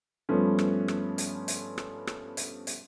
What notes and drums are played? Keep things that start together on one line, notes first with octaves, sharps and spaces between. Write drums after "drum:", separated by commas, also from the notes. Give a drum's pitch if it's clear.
G2 F3 A3 B3 C#4
drum: rim click
drum: rim click
drum: hi-hat
drum: hi-hat
drum: rim click
drum: rim click
drum: hi-hat
drum: hi-hat